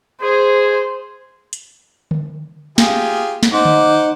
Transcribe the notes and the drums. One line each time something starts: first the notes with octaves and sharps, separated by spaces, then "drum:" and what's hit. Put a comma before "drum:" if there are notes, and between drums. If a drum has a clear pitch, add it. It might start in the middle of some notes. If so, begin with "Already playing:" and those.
G#4 C5
drum: hi-hat
drum: tom D3
F4 G4 G#4, drum: snare
drum: snare
D#4 C5 F#5 D6
drum: tom D3